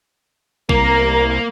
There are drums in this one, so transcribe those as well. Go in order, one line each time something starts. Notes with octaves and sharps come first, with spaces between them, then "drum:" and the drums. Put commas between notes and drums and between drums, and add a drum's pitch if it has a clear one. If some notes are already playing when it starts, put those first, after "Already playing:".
C2 A#3 A#4, drum: kick A#1